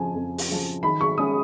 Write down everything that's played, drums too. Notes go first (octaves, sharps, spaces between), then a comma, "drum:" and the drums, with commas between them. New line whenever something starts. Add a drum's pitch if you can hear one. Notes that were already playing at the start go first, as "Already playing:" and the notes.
Already playing: F2 C#3 F3 G#5
F2
drum: open hi-hat
C#3 F3
D#3 B5
C#6
G#3 C#4 D#6